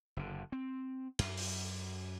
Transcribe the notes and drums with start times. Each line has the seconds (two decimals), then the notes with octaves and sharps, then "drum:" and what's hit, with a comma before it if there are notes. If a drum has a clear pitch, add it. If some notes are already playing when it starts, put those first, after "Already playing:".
0.17 F#1 D3
0.52 C4
1.19 F#2, drum: cymbal
1.37 drum: open hi-hat